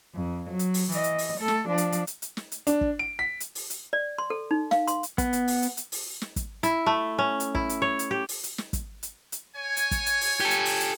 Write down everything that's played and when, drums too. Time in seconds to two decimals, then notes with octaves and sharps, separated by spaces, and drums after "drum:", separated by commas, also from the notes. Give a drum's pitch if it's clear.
0.15 F2
0.50 F#3
0.59 drum: hi-hat
0.74 drum: open hi-hat
0.92 E3 D#5, drum: hi-hat
1.04 drum: hi-hat
1.18 drum: open hi-hat
1.38 A3 A4
1.48 drum: snare
1.68 F3 D4
1.78 drum: hi-hat
1.92 drum: hi-hat
2.07 drum: hi-hat
2.22 drum: hi-hat
2.37 drum: snare
2.52 drum: hi-hat
2.67 D4, drum: hi-hat
2.81 drum: kick
2.99 D7
3.19 B6
3.40 drum: hi-hat
3.55 drum: open hi-hat
3.70 drum: hi-hat
3.93 D5
4.18 C6
4.30 A4
4.51 D#4
4.71 F5, drum: snare
4.88 C6, drum: hi-hat
5.03 drum: hi-hat
5.18 B3, drum: kick, hi-hat
5.33 drum: hi-hat
5.48 drum: open hi-hat
5.62 drum: hi-hat
5.77 drum: hi-hat
5.92 drum: open hi-hat
6.21 drum: snare
6.36 drum: kick, hi-hat
6.63 E4, drum: hi-hat
6.86 A3
7.19 C#4
7.40 drum: hi-hat
7.55 E4, drum: kick
7.69 drum: hi-hat
7.82 C#5
7.99 drum: hi-hat
8.11 G4
8.29 drum: open hi-hat
8.43 drum: hi-hat
8.58 drum: snare
8.73 drum: kick, hi-hat
9.03 drum: hi-hat
9.32 drum: hi-hat
9.56 C#5 G#5
9.77 drum: hi-hat
9.91 drum: kick, hi-hat
10.06 drum: hi-hat
10.21 drum: open hi-hat
10.40 G4 A4
10.51 drum: hi-hat
10.65 drum: open hi-hat
10.80 drum: hi-hat